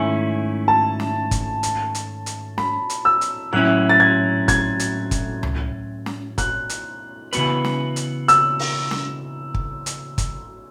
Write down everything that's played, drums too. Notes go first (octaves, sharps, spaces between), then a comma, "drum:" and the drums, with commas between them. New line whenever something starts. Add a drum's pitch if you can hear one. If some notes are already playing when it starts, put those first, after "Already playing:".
Already playing: G#2 D#3 A3 C#4 E4 G#5
A5
drum: snare
drum: kick, hi-hat
drum: hi-hat
drum: hi-hat
drum: hi-hat
B5, drum: snare
drum: hi-hat
E6
drum: hi-hat
A2 F#3 C#4 E4 F#6
A6
G#6
G#6, drum: kick, hi-hat
drum: hi-hat
drum: kick, hi-hat
drum: tom C#2
drum: snare
F#6, drum: kick, hi-hat
drum: hi-hat
C#3 E3 B3 F#4 B4, drum: hi-hat
drum: snare
drum: hi-hat
E6, drum: hi-hat
drum: open hi-hat
drum: snare
drum: kick
drum: hi-hat
drum: kick, hi-hat